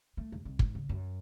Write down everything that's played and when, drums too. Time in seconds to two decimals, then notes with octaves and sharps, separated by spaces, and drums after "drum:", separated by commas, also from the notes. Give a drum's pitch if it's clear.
0.17 A3
0.32 E1
0.45 C2
0.59 G#2, drum: kick
0.75 C#3
0.89 F#2